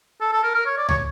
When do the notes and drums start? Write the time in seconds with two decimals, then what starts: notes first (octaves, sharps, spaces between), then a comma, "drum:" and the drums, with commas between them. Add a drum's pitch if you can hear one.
0.21 A4
0.33 A4
0.43 A#4
0.54 A#4
0.66 C#5
0.78 D5
0.89 C#5, drum: tom